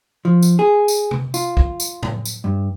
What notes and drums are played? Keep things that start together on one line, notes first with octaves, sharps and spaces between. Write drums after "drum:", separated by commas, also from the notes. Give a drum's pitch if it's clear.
F3
drum: tambourine
G#4
drum: tambourine
drum: tom C3
F4, drum: tambourine
drum: kick
drum: tambourine
drum: tom A2
drum: tambourine
G2